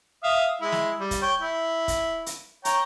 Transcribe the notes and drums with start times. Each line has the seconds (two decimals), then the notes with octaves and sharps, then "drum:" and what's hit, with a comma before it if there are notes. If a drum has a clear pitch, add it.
0.24 E5 F5 D#6
0.61 G#3 E4
0.72 drum: snare
1.00 G3
1.11 drum: kick, hi-hat
1.22 C#5 G5
1.42 E4
1.88 drum: kick, hi-hat
2.26 drum: hi-hat
2.65 C#5 G5 A#5, drum: hi-hat